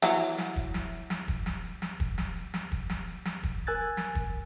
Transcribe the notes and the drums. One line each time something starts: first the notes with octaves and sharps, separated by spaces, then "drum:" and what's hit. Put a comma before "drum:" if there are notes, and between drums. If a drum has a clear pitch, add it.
E3 F#3, drum: snare
drum: snare
drum: kick
drum: snare
drum: snare
drum: kick
drum: snare
drum: snare
drum: kick
drum: snare
drum: snare
drum: kick
drum: snare
drum: snare
drum: kick
A#4 G#5 E6 F#6 G#6 A6
drum: snare
drum: kick